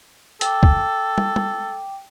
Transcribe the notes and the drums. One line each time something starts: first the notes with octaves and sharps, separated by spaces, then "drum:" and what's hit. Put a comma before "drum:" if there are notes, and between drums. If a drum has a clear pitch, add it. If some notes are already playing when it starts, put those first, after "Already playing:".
A4 G5 D6, drum: hi-hat
drum: kick
drum: tom
drum: tom